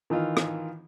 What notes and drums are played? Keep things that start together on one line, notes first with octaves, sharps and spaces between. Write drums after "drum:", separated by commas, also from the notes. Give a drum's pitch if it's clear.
D#3 E3 D#4 F4
drum: rim click